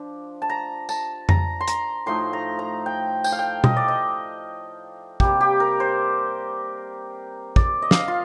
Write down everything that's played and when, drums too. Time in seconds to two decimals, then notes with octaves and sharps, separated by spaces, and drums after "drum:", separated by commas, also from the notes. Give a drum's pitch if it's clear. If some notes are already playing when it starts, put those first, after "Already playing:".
Already playing: F3 D4
0.42 A5
0.49 A#5
0.89 A5, drum: tambourine
1.29 A#5, drum: tom F2
1.61 C6
1.68 A#5, drum: hi-hat
2.06 A2 F3 A3 D#4 C6
2.33 A#5
2.59 A#5
2.86 G5
3.24 G5, drum: tambourine
3.32 F5
3.39 G5
3.64 D#5, drum: tom B2
3.76 D5
3.88 D#5
5.20 C3 G3 A#3 G4, drum: kick
5.41 G4
5.60 A#4
5.80 C5
7.56 D5, drum: kick
7.82 D#5
7.91 F5, drum: snare
7.99 D#5
8.08 F4